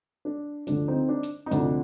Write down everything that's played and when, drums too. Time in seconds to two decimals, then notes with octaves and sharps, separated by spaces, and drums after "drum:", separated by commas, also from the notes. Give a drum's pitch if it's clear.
0.25 D4
0.67 D2 D3 F3 D4, drum: hi-hat
0.88 C4 D#4
1.08 D4
1.23 drum: hi-hat
1.46 D#4
1.51 D2 C3 F3 D4, drum: hi-hat